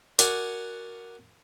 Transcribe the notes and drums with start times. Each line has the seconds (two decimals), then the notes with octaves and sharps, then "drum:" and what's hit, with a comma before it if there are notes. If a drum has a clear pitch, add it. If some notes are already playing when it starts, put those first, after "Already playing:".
0.19 F#4 A#4 D5 F#5 G#5, drum: hi-hat